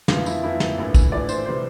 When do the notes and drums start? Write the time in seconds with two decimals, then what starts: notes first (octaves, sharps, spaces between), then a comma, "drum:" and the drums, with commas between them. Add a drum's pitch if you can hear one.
0.08 F2 E3 A#3 F4, drum: snare
0.26 E4, drum: tambourine
0.43 F2 E3 A#3 E4
0.60 drum: snare
0.78 A#1 A2 E3
0.94 drum: kick, tambourine
1.12 A#1 A2 E3 D5
1.29 C5, drum: tambourine
1.46 C3 E3 G3 C5